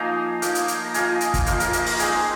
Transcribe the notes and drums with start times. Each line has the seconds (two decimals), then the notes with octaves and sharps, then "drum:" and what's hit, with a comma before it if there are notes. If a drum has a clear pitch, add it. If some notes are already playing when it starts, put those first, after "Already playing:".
Already playing: F3 A#3 D#4 G#5 A#5 C6
0.42 F3 A#3 D#4, drum: hi-hat
0.55 drum: hi-hat
0.68 drum: hi-hat
0.85 A#5
0.94 F3 A#3 F4 D#5 G#5, drum: hi-hat
1.21 drum: hi-hat
1.34 drum: kick, hi-hat
1.46 F3 A#3 F4 C5 F5, drum: hi-hat
1.60 A#4 D#5, drum: hi-hat
1.73 A#4 D#5, drum: hi-hat
1.86 A#5 D#6, drum: open hi-hat
1.99 G#3 C4 D#4 G#5 C6, drum: hi-hat